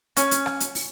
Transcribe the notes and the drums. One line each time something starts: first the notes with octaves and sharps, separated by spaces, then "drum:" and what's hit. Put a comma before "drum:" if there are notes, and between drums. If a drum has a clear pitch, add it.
C#4, drum: hi-hat
drum: hi-hat
drum: rim click
drum: hi-hat
drum: open hi-hat